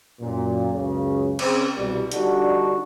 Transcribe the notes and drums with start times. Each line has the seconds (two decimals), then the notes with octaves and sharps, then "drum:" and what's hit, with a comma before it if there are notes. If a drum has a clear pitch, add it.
0.21 F#2 A#2
0.73 C#2 F#2 C#3
1.39 C#3 C4, drum: cymbal
1.76 C2 B2 G3
2.12 D3 G3 D4 D#4 F#4, drum: hi-hat